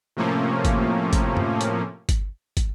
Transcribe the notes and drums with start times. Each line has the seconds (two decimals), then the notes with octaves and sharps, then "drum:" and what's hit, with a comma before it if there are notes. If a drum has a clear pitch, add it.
0.17 A2 C3 F3 A3 A#3 C#4
0.65 drum: kick, hi-hat
1.13 drum: kick, hi-hat
1.37 drum: tom
1.61 drum: hi-hat
2.09 drum: kick, hi-hat
2.57 drum: kick, hi-hat